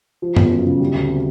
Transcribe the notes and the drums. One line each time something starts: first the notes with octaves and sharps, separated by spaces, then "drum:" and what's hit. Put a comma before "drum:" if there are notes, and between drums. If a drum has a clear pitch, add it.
F3
G1, drum: tom F#2
F#2
C#3
G3
D2
C3